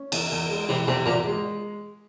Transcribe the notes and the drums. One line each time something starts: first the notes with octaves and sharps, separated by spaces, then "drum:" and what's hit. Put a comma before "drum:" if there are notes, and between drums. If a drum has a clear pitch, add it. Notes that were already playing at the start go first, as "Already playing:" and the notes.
Already playing: C#4
E2, drum: cymbal
E2
G#3
C3 E3
E2 C3
E2 A#2
G#3